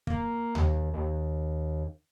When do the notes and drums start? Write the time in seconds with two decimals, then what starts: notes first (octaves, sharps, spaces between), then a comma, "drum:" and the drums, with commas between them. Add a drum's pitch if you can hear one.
0.07 A#3, drum: kick
0.55 D#2, drum: tom D2
0.94 D#2